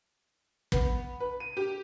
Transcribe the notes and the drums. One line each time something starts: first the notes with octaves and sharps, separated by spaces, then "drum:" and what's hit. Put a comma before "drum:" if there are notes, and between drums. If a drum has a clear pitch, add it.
B3, drum: kick
B4
D#7
G4